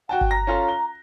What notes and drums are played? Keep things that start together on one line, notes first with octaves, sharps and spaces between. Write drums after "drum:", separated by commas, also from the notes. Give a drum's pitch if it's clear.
F#4 F#5 G5 A5
drum: kick G1
A#5 A#6
C#4 F4 A4
G7